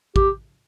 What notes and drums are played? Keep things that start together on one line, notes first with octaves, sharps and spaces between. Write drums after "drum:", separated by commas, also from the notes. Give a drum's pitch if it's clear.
G4, drum: kick